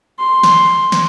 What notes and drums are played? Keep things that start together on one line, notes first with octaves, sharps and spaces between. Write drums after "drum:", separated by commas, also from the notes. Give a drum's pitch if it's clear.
C6
drum: snare
drum: snare